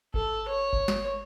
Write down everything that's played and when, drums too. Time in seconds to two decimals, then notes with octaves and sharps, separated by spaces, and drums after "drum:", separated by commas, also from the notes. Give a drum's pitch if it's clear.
0.14 A4, drum: kick G#1
0.48 C#5
0.73 drum: kick G#1
0.88 drum: snare